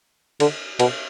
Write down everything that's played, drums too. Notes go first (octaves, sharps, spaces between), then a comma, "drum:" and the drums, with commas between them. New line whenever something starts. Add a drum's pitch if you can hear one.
D3, drum: cymbal
B2, drum: cymbal